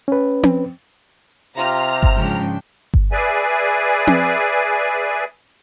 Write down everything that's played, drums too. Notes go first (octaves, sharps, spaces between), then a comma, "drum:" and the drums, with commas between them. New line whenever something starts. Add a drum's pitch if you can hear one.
C#4 B4
drum: tom C4
C3 F4 G4 A#5 F6
drum: kick G1
G#2 C#3 F3 D4 G5
drum: kick G1
G#4 B4 D5 E5 G#5
drum: tom C4